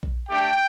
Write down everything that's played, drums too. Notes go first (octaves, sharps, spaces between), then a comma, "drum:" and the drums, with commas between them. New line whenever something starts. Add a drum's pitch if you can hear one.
drum: kick A#1
A3 D4 G4 G5